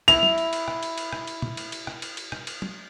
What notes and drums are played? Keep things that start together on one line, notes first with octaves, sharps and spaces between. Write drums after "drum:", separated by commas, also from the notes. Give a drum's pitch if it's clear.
E4 F7, drum: cymbal
drum: tom
drum: cymbal
drum: cymbal
drum: rim click
drum: cymbal
drum: cymbal
drum: rim click
drum: cymbal
drum: tom
drum: cymbal
drum: cymbal
drum: rim click
drum: cymbal
drum: cymbal
drum: rim click
drum: cymbal
drum: tom